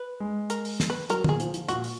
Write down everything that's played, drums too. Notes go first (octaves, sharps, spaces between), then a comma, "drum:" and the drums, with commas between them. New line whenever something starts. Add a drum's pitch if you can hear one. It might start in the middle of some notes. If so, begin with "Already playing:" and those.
Already playing: B4
G#3
A#4, drum: hi-hat
drum: open hi-hat
drum: snare
B4
F#3 A#4, drum: hi-hat
A#2 G#4, drum: tom D3
F3, drum: hi-hat
F3, drum: hi-hat
A#2 F#4, drum: hi-hat
drum: open hi-hat